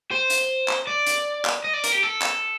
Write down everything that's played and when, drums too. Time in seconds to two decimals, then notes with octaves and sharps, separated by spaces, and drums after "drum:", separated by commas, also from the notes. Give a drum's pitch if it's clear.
0.11 C5
0.30 drum: hi-hat
0.68 drum: clap
0.87 D5
1.07 drum: hi-hat
1.45 drum: clap
1.64 D#5
1.73 D5
1.84 A#4, drum: hi-hat
1.92 G4
2.03 A4
2.21 drum: clap